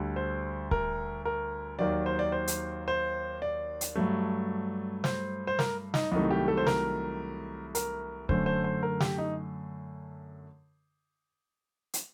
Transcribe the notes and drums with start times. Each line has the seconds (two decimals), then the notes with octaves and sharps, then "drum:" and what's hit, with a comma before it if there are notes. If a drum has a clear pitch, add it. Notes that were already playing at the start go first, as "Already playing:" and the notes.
Already playing: D2 D3 G3
0.16 C5
0.71 A#4, drum: kick C#1
1.25 A#4
1.79 D#2 D#3 F#3 D5
2.06 C5
2.19 D5
2.32 C5
2.48 drum: hi-hat
2.88 C5
3.42 D5
3.81 drum: hi-hat
3.95 G2 F#3 A3
5.04 C5, drum: snare
5.47 C5
5.59 A#4, drum: snare
5.94 D#4, drum: snare
6.12 C2 C3 D#3 F#3 A3 D#4
6.31 G4
6.48 A4
6.57 C5
6.67 A#4, drum: snare
7.75 A#4, drum: hi-hat
8.29 F#2 D3 A3 C5, drum: kick C#1
8.46 C5
8.64 C5
8.83 A#4
9.00 G4, drum: snare
9.18 D#4
11.94 drum: hi-hat